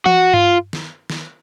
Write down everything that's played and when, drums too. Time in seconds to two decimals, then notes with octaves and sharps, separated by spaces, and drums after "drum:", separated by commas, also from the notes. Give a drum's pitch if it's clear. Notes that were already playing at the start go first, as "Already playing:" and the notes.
0.06 F#4, drum: tom E3
0.34 F4, drum: tom G2
0.73 drum: snare
1.10 drum: snare